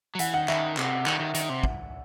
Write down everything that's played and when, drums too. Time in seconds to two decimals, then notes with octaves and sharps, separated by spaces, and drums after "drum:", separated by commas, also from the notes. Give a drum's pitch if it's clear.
0.15 F#3
0.19 E3 F#5, drum: hi-hat
0.34 D#3 F#5
0.48 D#3 E5, drum: clap
0.77 C3, drum: clap
1.06 D#3, drum: clap
1.20 D#3
1.34 D#3, drum: hi-hat
1.49 C3
1.64 drum: kick